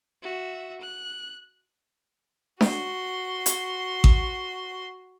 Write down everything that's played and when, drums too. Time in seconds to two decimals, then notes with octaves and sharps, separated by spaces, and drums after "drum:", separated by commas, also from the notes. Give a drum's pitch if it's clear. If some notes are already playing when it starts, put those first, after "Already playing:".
0.22 F#4 E5
0.81 F#6
2.61 F#4 C6, drum: snare D4
3.46 drum: hi-hat
4.04 drum: kick A1